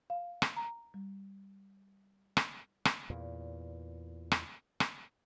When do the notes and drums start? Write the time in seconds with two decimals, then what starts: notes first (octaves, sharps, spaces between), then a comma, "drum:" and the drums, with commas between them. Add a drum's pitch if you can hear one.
0.10 F5
0.42 drum: rim click
0.56 A#5
0.94 G3
2.37 drum: rim click
2.85 drum: rim click
3.10 E2 A#2
4.32 drum: rim click
4.80 drum: rim click